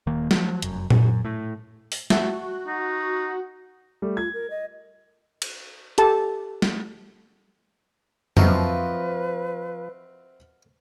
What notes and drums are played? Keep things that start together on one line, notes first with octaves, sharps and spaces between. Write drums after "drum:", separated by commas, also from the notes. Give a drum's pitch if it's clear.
D#1 D#3 A#3
F3 F#3, drum: snare
F1 F#2, drum: hi-hat
F#2, drum: tom A#2
A2
drum: open hi-hat
F#4 E5 F#5 A5, drum: snare
D#4
G3 A3
F4 G#6
A#4
D#5
drum: cymbal
G4 A4 A5, drum: hi-hat
drum: snare
F3 C4 F#4 A#4 B4 D#5 E5, drum: tom